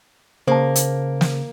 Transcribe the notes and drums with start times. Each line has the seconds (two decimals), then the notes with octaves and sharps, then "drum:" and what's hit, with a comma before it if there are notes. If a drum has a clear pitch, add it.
0.47 C#3 A#3 C5 A5
0.75 drum: hi-hat
1.21 drum: snare